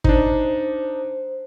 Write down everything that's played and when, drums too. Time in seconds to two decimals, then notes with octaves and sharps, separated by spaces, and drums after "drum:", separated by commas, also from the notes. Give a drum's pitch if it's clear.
0.04 D4 D#4 C5, drum: kick